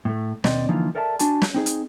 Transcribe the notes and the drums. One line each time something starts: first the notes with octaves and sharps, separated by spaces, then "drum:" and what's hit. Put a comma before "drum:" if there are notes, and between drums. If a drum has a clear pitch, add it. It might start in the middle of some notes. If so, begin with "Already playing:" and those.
A2 A3
D#2 B2 C4 D5 D#5, drum: snare
D3 E3 F3 A#3 D#4 F4
A4 A#4 D5 E5 F5 A5
D4 F#4 G#5 A5, drum: hi-hat
drum: snare
C4 D#4 G#4
drum: hi-hat